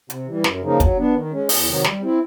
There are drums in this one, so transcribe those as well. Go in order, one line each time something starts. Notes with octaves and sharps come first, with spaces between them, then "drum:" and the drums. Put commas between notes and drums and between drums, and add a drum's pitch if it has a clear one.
C3, drum: hi-hat
E3 G3
F#2, drum: snare
C#3 F3 A#3 D#4
F#3, drum: kick, hi-hat
B3 D4
D#3
G#3 C#4
E2, drum: open hi-hat
C3 D#3 F#3
G3, drum: snare
C4 E4